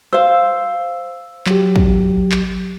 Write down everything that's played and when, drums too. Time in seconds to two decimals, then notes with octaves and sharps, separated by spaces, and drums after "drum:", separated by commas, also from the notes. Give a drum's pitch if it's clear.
0.13 C5 F5 E6
1.46 F#3 G4, drum: clap
1.76 drum: kick
2.32 drum: clap